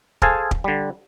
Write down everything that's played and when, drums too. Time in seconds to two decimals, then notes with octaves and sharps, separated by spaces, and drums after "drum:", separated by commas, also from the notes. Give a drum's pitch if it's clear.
0.22 G#4 A4 C5 F5 G#5 A5, drum: kick
0.51 drum: kick
0.64 D3 G3